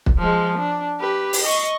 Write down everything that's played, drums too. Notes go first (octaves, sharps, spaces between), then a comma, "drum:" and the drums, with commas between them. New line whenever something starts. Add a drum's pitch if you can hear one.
drum: kick
F3 G#3
D4
G4 B4
drum: open hi-hat
D#5 C#6